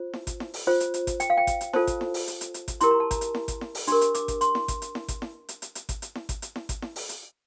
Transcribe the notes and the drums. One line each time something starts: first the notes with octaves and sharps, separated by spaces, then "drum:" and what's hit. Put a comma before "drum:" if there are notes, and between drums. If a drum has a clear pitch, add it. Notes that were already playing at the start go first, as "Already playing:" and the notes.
Already playing: F4 C5
drum: snare E4
drum: kick G#1, hi-hat
drum: snare E4
drum: open hi-hat
F4 C5
drum: hi-hat
drum: hi-hat
drum: kick G#1, hi-hat
G5, drum: hi-hat
F5
G5
drum: kick G#1, hi-hat
drum: hi-hat
F4 A4 C5 A5, drum: snare E4
drum: kick G#1, hi-hat
drum: snare E4
drum: open hi-hat
drum: hi-hat
drum: hi-hat
drum: hi-hat
drum: kick G#1, hi-hat
E4 G4 A#4 C6, drum: hi-hat
A#5
A5
A#5, drum: kick G#1, hi-hat
drum: hi-hat
drum: snare E4
drum: kick G#1, hi-hat
drum: snare E4
drum: open hi-hat
D4 G4 A#4 C6, drum: hi-hat
drum: hi-hat
D6, drum: hi-hat
drum: kick G#1, hi-hat
C6, drum: hi-hat
drum: snare E4
drum: kick G#1, hi-hat
drum: hi-hat
drum: snare E4
drum: kick G#1, hi-hat
drum: snare E4
drum: hi-hat
drum: hi-hat
drum: hi-hat
drum: kick G#1, hi-hat
drum: hi-hat
drum: snare E4
drum: kick G#1, hi-hat
drum: hi-hat
drum: snare E4
drum: kick G#1, hi-hat
drum: snare E4
drum: open hi-hat
drum: hi-hat